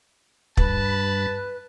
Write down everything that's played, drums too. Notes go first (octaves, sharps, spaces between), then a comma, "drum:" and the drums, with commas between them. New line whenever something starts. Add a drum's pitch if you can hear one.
G2 B4 A5 B5, drum: kick